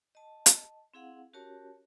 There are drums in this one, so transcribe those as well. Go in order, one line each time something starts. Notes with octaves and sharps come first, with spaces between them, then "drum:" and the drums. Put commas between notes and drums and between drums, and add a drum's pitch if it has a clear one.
D#5 A5
drum: hi-hat
C4 E4 G#4 F5 F#5
C#4 F#4 G4 A#4 C#5 A5